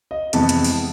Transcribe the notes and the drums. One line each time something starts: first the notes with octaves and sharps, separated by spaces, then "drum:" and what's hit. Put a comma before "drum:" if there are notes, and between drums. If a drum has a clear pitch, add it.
D#5
F2 C3 E3 G#3 B3 A5, drum: hi-hat
drum: hi-hat
drum: open hi-hat